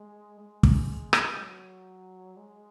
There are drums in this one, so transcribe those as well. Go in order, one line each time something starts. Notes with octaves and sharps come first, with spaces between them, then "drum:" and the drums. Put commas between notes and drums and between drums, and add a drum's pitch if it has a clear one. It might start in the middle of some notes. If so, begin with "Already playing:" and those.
Already playing: G#3
G#3
drum: kick
drum: rim click
F#3
G#3